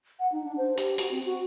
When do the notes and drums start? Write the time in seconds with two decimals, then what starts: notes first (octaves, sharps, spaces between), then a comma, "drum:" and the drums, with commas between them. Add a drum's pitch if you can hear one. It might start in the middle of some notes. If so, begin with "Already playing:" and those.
0.20 F#5
0.32 D#4
0.44 D4
0.58 C5
0.77 G4, drum: hi-hat
0.98 F#4, drum: hi-hat
1.11 C4
1.25 F#4